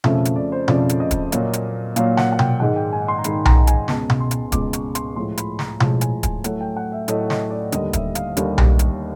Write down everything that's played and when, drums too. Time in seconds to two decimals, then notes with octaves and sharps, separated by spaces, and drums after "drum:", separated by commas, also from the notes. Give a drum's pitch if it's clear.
0.04 F2 C#3 F3 A3 E5, drum: tom B2
0.25 drum: hi-hat
0.36 D5
0.52 C5
0.68 F2 C#3 F3 A3 D5, drum: tom B2
0.89 drum: hi-hat
1.00 D#5
1.11 drum: kick, hi-hat
1.32 A#2 F#3 A#3, drum: hi-hat
1.53 drum: hi-hat
1.96 A#2 F#3 A#3 F5, drum: hi-hat
2.17 F#5, drum: snare
2.33 F#5
2.39 G5, drum: tom B2
2.60 G#2 D#3 G#3 F#5
2.76 G5
2.93 G#5
3.08 C6
3.18 A#5
3.24 G#2 D#3 G#3 B5, drum: hi-hat
3.45 A#5, drum: tom B1
3.67 G#5, drum: hi-hat
3.88 C#2 B2 G#3 A5, drum: snare
4.10 drum: tom B2
4.20 C6
4.31 drum: hi-hat
4.52 C#2 B2 G#3 D6, drum: kick, hi-hat
4.73 C#6, drum: hi-hat
4.95 C6, drum: hi-hat
5.16 A2 F3 G#3 C6
5.38 B5, drum: hi-hat
5.59 A#5, drum: snare
5.80 A2 F3 G#3 A5, drum: tom B2
6.01 G#5, drum: hi-hat
6.23 G#5, drum: kick, hi-hat
6.44 A2 F#3 A3 F#5, drum: hi-hat
6.61 G5
6.77 F#5
6.92 E5
7.08 A2 F#3 A3 D#5, drum: hi-hat
7.30 D#5, drum: snare
7.50 D5
7.72 D#2 D3 G3 D#5, drum: hi-hat
7.93 E5, drum: kick, hi-hat
8.15 F5, drum: hi-hat
8.37 D#2 D3 G3, drum: hi-hat
8.58 drum: tom B1
8.79 drum: hi-hat